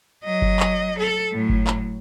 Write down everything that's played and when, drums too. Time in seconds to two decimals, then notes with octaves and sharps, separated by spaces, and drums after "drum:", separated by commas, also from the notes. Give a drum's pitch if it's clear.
0.24 F#3 D#5
0.42 drum: kick G1
0.60 drum: clap
0.99 A4
1.31 A2 F#3
1.49 drum: kick G1
1.67 drum: clap